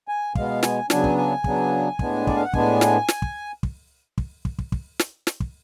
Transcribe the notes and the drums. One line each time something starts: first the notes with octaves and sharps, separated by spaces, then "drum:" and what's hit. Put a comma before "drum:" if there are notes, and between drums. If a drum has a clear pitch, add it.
G#5
B2 G#3 B3 F5, drum: kick
G#5, drum: snare
C#3 F#3 B3 D4 G#5, drum: snare
drum: kick
G#5
C#3 F#3 B3 D4, drum: kick
A2 G#3 B3 D4, drum: kick
D5, drum: kick
F5
F#5
A2 G#3 B3 D4 G#5, drum: kick
drum: snare
drum: snare
drum: kick
drum: kick
drum: kick
drum: kick
drum: kick
drum: kick
drum: snare
drum: snare
drum: kick